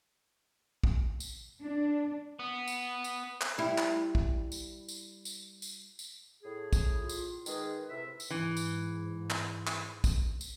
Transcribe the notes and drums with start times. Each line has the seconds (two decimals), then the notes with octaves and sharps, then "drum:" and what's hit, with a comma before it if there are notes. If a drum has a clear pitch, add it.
0.84 drum: kick
1.20 drum: tambourine
1.63 D4
2.39 B3
2.68 drum: tambourine
3.04 drum: tambourine
3.41 drum: clap
3.58 G3 E4
3.78 drum: clap
4.15 drum: kick
4.52 drum: tambourine
4.88 drum: tambourine
5.25 drum: tambourine
5.62 drum: tambourine
5.99 drum: tambourine
6.43 A2 G#4
6.73 drum: kick, tambourine
7.00 F4
7.09 drum: tambourine
7.46 D#3 G#3 G#4 B4, drum: tambourine
7.89 A2 C3 E5
8.20 drum: tambourine
8.30 G#2 E3
8.57 drum: tambourine
9.30 drum: clap
9.67 drum: clap
10.04 drum: kick, tambourine
10.41 drum: tambourine